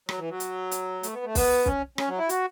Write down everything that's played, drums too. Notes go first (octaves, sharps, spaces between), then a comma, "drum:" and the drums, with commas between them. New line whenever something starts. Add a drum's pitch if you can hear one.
F#3, drum: rim click
E3
F#3
drum: hi-hat
drum: hi-hat
A3, drum: hi-hat
B3
A3
B3, drum: kick, open hi-hat
C#4, drum: kick
C#4, drum: rim click
F#3
E4
F#4, drum: hi-hat